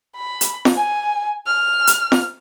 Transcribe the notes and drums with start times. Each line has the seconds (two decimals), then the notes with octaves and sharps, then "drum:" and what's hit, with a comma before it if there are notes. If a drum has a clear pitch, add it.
0.16 B5
0.41 drum: hi-hat
0.65 drum: snare
0.75 G#5
1.47 F6
1.87 drum: hi-hat
2.12 drum: snare